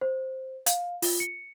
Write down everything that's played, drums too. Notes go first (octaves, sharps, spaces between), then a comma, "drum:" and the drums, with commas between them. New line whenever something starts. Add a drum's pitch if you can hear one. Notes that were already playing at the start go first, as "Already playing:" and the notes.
C5
F5, drum: hi-hat
F4, drum: open hi-hat
C#7